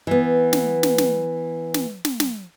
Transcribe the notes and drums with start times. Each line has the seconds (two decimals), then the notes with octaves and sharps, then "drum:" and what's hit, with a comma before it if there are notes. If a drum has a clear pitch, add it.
0.07 E3 B3
0.53 drum: snare
0.83 drum: snare
0.98 drum: snare
1.74 drum: snare
2.05 drum: snare
2.20 drum: snare